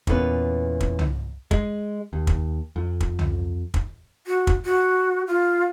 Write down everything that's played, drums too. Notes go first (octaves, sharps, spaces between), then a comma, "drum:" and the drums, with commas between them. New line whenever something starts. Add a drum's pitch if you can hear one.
E2 A#2 C#4 B4, drum: kick
drum: kick
drum: tom C2
G#3, drum: kick
D#2
drum: kick
F2
drum: kick
drum: tom C2
drum: kick
F#4
drum: kick
F#4
F4